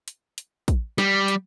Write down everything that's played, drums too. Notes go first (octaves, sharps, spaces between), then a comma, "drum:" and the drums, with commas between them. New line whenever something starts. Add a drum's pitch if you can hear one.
drum: hi-hat
drum: hi-hat
drum: kick, hi-hat
G3, drum: snare
drum: hi-hat